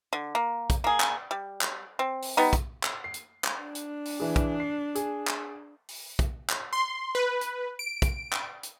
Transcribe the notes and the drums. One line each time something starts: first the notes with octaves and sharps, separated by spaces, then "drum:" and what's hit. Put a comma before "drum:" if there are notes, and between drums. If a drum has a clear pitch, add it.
D3
A#3
drum: kick, hi-hat
A#3 G#4
drum: clap
G3
drum: clap
C4
drum: open hi-hat
G3 B3 D#4
drum: kick, hi-hat
drum: clap
C7
drum: hi-hat
drum: clap
D4
drum: hi-hat
drum: open hi-hat
E3 G#4
drum: kick, hi-hat
C7
G#4, drum: hi-hat
drum: clap
drum: open hi-hat
drum: kick, hi-hat
drum: clap
C6
B4
drum: hi-hat
D7
drum: kick, hi-hat
drum: clap
drum: hi-hat